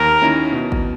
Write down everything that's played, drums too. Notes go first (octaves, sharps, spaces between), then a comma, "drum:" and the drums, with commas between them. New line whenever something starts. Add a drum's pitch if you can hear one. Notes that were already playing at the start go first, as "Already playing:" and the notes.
Already playing: D#2 A#4
D#3 A#3 C#4 E4
B2
drum: kick G#1